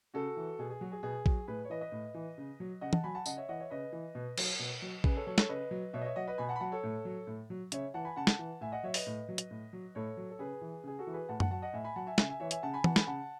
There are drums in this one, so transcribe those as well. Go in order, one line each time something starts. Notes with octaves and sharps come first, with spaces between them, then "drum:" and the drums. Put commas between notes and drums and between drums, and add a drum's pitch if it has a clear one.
C#3 F#4 A4
E3
B2 G#4
G#4
F#3 F#4
G#4
B2 G#4
F#3, drum: kick A#1
A2 G#4 B4
C#5
E3 B4 D#5
B4 D#5
A2
E3
C#3
F#3
C#3 D#5 F#5
F#5 A5, drum: tom
F#3 G#5 B5
F#5 A5
C#3 D#5 F#5, drum: tambourine
C#5 E5
E3 D#5 F#5
C#5 E5
C#3 B4 D#5
E3
B2
F#3, drum: cymbal
B2
F#3
C#3 G#4 B4, drum: kick A#1
A4 C#5
F#3 A4 C#5
A4 C#5, drum: snare
C#3 B4 D#5
F#3
B2 C#5 E5
D#5
C#5 E5
F#3 D#5 F#5
B4 D#5
B2 G#5 B5
F#5 A5
B5
F#3 F#5 A5
A4 C#5
A2
F#3
A2
F#3
C#3 C#5 E5, drum: hi-hat
E3 F#5 A5
G#5 B5
C#3 F#5 A5
drum: snare
E3
A2 E5 G#5
D#5 F#5
F#3 C#5 E5
B4 D#5, drum: open hi-hat
A2
F#3
drum: hi-hat
A2
F#3
A2 A4 C#5
F#3
A4
C#3 G#4 B4
E3
C#3 G#4
F#4 A4
E3
G#4 B4
A2 F#5 A5
F#5 A5, drum: tom F#2
F#3 F#5 A5
D#5 F#5
A2 E5 G#5
G#5 B5
F#3 F#5 A5
E5 G#5
C#3 E5 G#5, drum: snare
E5 G#5
E3 C#5 E5
E5 G#5, drum: hi-hat
C#3 F#5 A5
G#5 B5
E3 F#5 A5, drum: tom E3
G#5 B5, drum: snare
C#3 F#5 A5